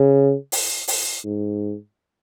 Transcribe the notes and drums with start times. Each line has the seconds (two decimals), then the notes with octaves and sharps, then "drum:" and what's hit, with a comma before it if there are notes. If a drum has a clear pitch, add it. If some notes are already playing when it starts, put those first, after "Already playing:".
Already playing: C#3
0.52 drum: open hi-hat
0.88 drum: open hi-hat
1.25 G#2